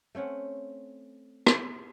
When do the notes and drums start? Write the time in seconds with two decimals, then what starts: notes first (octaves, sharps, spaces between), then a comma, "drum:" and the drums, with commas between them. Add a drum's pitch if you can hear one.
0.15 A3 C4 C#4 F#5
1.46 drum: rim click